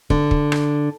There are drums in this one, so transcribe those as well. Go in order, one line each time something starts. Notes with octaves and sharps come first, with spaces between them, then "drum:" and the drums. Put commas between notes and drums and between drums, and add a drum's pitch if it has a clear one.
D3, drum: kick
drum: kick
drum: rim click